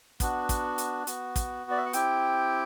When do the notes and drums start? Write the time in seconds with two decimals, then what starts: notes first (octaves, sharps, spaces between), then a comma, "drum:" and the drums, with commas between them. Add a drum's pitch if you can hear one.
0.20 B3 D4 F#4, drum: kick, hi-hat
0.49 drum: kick, hi-hat
0.78 drum: hi-hat
1.07 B3 F#4, drum: hi-hat
1.36 drum: kick, hi-hat
1.70 D5
1.77 E5
1.86 F#5
1.93 C4 E4 G4 G5, drum: hi-hat